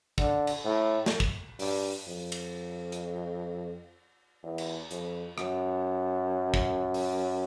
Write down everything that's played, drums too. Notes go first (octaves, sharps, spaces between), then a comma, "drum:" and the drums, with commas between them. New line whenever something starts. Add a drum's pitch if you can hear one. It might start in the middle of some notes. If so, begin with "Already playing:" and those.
D3, drum: kick
drum: cymbal
A2
drum: snare
drum: kick
G2, drum: open hi-hat
F2
drum: cymbal
drum: hi-hat
E2
drum: cymbal
F2, drum: hi-hat
F#2, drum: rim click
drum: kick
drum: open hi-hat